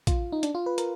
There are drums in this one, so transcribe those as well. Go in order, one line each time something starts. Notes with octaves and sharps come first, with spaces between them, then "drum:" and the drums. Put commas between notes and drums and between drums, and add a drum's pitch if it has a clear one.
F4, drum: kick, hi-hat
D#4
D4, drum: hi-hat
F4
B4
A#4, drum: hi-hat